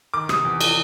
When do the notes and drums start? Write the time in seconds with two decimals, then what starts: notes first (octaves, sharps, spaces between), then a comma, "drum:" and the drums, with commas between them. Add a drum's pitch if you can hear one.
0.14 D#3 D6
0.29 C3 D#6, drum: rim click
0.45 E2
0.61 drum: cymbal